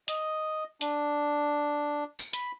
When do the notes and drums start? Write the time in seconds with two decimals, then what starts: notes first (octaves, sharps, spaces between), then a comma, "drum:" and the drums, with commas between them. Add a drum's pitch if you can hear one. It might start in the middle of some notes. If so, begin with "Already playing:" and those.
0.08 D#5, drum: hi-hat
0.81 D4, drum: hi-hat
2.19 drum: tambourine
2.33 B5, drum: hi-hat